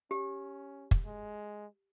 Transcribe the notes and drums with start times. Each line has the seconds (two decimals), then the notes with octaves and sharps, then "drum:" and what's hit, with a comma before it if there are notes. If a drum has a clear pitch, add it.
0.11 C#4 G4
0.91 drum: kick
1.06 G#3